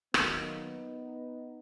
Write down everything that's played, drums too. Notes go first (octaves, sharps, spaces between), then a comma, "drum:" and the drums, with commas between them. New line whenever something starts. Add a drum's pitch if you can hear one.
D#3 F#3 A#3 B3 D#4, drum: rim click